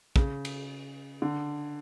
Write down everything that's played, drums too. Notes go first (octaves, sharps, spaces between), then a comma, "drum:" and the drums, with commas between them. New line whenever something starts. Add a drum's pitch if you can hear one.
C#3, drum: kick
drum: cymbal
D3